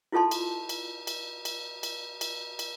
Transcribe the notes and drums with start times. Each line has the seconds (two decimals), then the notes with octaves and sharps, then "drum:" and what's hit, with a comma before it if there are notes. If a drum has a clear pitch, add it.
0.12 E4 F4 A4 A5 C6
0.31 drum: cymbal
0.69 drum: cymbal
1.07 drum: cymbal
1.45 drum: cymbal
1.83 drum: cymbal
2.21 drum: cymbal
2.59 drum: cymbal